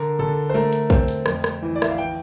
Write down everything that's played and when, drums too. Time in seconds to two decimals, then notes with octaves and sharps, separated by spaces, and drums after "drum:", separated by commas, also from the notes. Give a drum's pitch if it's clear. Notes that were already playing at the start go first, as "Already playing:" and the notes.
Already playing: D3 A#4
0.19 D3 A4
0.49 C5
0.54 A3 A#4
0.73 drum: hi-hat
0.90 C4, drum: kick
1.08 drum: hi-hat
1.26 F2, drum: rim click
1.44 drum: rim click
1.62 E3
1.76 D5
1.82 E5, drum: rim click
1.89 F5
1.98 E3 G5